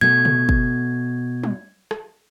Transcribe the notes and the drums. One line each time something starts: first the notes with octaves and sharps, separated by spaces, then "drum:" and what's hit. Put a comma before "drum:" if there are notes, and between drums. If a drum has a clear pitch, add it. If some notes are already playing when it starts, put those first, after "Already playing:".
B2 A3 G#6
drum: tom B2
drum: kick
drum: tom F#3
drum: rim click